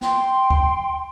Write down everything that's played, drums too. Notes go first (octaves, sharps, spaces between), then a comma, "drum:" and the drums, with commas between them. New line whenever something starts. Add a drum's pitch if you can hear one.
G5 C6, drum: snare
drum: kick D2